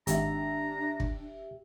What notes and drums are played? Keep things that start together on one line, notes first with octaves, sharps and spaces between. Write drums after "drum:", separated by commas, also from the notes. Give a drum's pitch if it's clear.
G#1 D4 G4 E5 A#5, drum: hi-hat
drum: kick